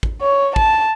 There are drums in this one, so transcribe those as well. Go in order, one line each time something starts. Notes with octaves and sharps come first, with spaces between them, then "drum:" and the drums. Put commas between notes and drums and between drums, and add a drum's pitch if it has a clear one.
drum: kick
C#5
A5, drum: kick